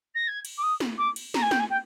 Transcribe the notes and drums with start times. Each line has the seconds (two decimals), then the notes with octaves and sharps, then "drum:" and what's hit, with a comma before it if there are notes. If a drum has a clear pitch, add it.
0.14 A#6
0.27 G#6
0.45 drum: cymbal
0.57 D6
0.62 D#6
0.80 drum: snare
0.98 D6
1.16 drum: cymbal
1.34 A#5, drum: snare
1.42 G#5
1.51 G5, drum: snare
1.59 G#5
1.70 G5